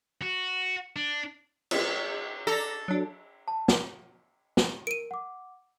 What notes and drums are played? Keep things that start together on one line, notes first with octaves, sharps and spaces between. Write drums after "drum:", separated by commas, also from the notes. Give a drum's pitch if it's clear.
F#4
D4
drum: cymbal
A4 D5 A#5 A#6
F#3 D4
A5
drum: snare
drum: snare
A#4 D7 D#7
F#5 D6